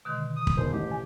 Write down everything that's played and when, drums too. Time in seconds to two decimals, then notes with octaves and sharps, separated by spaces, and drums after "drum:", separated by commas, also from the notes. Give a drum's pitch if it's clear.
0.05 B2 D3 D#3 G#3
0.36 D#6
0.47 drum: kick
0.57 E1 A#4 C5
0.73 A1 G4
0.91 G#5